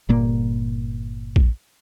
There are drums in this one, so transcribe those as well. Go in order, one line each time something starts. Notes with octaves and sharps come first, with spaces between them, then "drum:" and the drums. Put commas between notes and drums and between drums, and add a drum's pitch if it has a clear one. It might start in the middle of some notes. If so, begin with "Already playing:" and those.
G1 A#2 A#3
drum: kick A#1